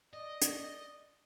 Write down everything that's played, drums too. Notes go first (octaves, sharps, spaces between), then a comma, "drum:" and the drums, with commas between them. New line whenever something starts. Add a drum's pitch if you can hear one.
D5 D#5 D#6
drum: hi-hat